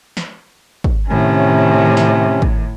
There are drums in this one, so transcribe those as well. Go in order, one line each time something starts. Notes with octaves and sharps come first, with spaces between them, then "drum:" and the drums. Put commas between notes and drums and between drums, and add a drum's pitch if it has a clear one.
drum: snare
drum: kick
A2 C3 D#3 C#4
drum: snare
drum: kick